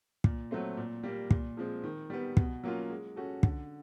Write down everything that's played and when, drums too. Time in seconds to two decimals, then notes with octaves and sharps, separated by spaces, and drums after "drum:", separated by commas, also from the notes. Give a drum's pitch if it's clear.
0.24 A#2, drum: kick
0.51 F#3 A3 C4
0.77 A#2
1.04 G3 A#3
1.31 A#2, drum: kick
1.57 F3 G#3 C4
1.83 D#3
2.10 G3 B3
2.37 B2, drum: kick
2.64 F#3 A#3 C#4 F4
2.90 G#3
3.16 C#4 F#4 A4
3.43 D3, drum: kick